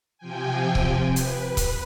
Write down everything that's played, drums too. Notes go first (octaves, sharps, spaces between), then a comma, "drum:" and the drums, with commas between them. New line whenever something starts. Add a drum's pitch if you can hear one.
C3 F3 G5 G#5
drum: kick C#1
B4, drum: hi-hat
drum: kick C#1, hi-hat